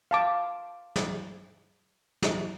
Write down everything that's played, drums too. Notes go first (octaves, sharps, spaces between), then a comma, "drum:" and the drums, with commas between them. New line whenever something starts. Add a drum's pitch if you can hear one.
F5 A5 D6
drum: snare
drum: snare